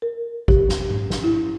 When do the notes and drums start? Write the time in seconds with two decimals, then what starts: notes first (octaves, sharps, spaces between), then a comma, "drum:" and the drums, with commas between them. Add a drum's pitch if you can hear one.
0.02 A#4
0.48 G4, drum: kick G#1
0.69 drum: snare
0.90 drum: tom G#2
1.10 drum: snare
1.24 E4